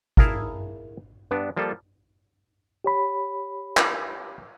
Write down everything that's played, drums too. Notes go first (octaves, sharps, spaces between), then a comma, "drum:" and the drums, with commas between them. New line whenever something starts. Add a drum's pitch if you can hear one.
E4 G#4 A#4 F5 A5 A#5, drum: kick
G2 B3 D4
F3 G3 A#3 F4 A4
G4 C#5 B5
drum: clap